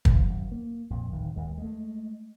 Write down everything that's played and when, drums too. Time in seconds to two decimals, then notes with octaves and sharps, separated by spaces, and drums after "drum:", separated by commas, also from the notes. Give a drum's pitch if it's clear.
0.05 G#1 F#2, drum: kick
0.52 A#3
0.90 A#1 F2
1.12 D1 D#3
1.36 D#2 G#3
1.58 G#3 A3